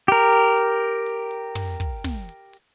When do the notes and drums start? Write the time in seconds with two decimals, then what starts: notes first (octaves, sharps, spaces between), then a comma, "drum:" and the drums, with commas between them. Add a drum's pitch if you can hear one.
0.08 G4 A#4
0.33 drum: hi-hat
0.57 drum: hi-hat
1.06 drum: hi-hat
1.31 drum: hi-hat
1.55 drum: tom
1.80 drum: kick, hi-hat
2.04 drum: snare
2.29 drum: hi-hat
2.53 drum: hi-hat